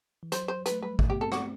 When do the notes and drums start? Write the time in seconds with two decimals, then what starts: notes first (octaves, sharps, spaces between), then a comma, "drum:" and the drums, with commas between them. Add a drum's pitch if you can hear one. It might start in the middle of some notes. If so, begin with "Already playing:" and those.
0.23 E3
0.32 F#3 C5, drum: hi-hat
0.48 C5
0.66 B4, drum: hi-hat
0.72 A3
0.82 G3 B4
0.99 A3, drum: kick G#1
1.10 B3 G4
1.21 C4 A4
1.32 C4 F#4, drum: rim click